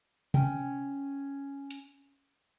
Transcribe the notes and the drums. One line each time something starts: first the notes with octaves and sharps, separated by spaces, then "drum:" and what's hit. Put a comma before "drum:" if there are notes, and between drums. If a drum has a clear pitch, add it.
C#4 G5, drum: tom C3
drum: hi-hat